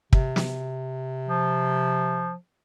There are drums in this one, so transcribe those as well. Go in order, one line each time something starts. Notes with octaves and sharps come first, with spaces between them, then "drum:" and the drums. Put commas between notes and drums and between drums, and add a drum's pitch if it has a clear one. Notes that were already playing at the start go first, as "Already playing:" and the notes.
C3, drum: kick
drum: snare
F3